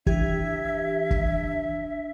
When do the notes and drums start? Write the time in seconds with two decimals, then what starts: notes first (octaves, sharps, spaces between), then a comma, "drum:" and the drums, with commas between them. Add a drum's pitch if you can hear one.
0.06 E3 D4 G4 E5 G#6, drum: kick
1.11 drum: kick